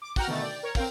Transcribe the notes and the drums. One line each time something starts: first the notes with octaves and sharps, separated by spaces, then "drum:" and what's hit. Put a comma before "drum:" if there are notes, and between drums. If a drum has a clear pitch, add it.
D6
F#4 F#5 G5 A#5 F6, drum: kick, open hi-hat
B2 D3 D#3 A3 A6
D5 G5
A#4 C#5
C4 A#4 F5 G5, drum: kick, open hi-hat